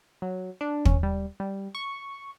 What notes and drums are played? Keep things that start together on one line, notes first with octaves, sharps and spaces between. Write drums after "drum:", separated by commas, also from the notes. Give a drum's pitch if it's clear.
F#3
D4
C#4, drum: kick
G3
G3
C#6